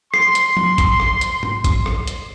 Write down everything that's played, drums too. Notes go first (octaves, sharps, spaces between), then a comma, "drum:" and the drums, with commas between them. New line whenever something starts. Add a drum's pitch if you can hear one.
C6 C7, drum: rim click
drum: hi-hat
drum: tom
drum: kick A1, hi-hat
drum: rim click
drum: hi-hat
drum: tom A2
drum: kick A1, hi-hat
drum: rim click
drum: hi-hat